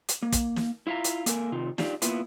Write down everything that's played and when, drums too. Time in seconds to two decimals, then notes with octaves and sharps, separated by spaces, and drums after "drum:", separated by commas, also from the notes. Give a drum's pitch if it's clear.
0.08 drum: hi-hat
0.22 A#3
0.32 drum: kick, hi-hat
0.56 drum: snare
0.87 E4 F4 E5 F5 A#5
1.04 drum: hi-hat
1.26 A#3 A4 A#4 G#5, drum: hi-hat
1.52 C3 D#3 F4
1.78 D4 D#4 F4 G4 D5, drum: snare
2.02 A#3 B3 E4 F4, drum: hi-hat